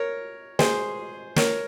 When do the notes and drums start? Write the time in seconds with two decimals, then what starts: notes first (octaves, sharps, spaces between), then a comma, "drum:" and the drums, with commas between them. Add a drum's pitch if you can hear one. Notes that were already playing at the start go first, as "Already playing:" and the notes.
Already playing: A#4 C#5
0.59 G#4 C5, drum: snare
1.36 A#4 C#5, drum: snare